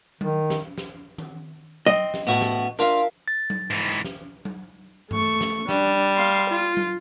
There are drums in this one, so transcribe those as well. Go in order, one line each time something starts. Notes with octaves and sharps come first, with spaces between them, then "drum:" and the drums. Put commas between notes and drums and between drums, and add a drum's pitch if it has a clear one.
D#3, drum: tom F#3
drum: snare
drum: snare
drum: tom D#3
C4 D#5, drum: tom F#3
drum: snare
A2 B3 F#4 E5 A5
drum: snare
D4 F4 A#4 E5 F5
A6
drum: tom F#3
G#2 E3
drum: snare
drum: tom F#3
A3 C#6, drum: tom G2
drum: snare
G3 D4, drum: snare
F5 C6
F4
drum: tom F#3